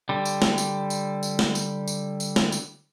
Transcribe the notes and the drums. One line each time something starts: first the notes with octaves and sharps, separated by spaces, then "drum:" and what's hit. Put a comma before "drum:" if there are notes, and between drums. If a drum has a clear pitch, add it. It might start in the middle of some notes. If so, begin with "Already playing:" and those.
D3 G3
drum: tambourine
drum: snare
drum: tambourine
drum: tambourine
drum: tambourine
drum: snare
drum: tambourine
drum: tambourine
drum: tambourine
drum: snare
drum: tambourine